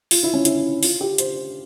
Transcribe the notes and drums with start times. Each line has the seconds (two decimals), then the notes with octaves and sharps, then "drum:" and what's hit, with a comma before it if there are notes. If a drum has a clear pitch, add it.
0.11 F4, drum: open hi-hat
0.23 E4
0.34 C#4
0.45 E4, drum: hi-hat
0.83 F4, drum: open hi-hat
1.01 G4
1.18 C5, drum: hi-hat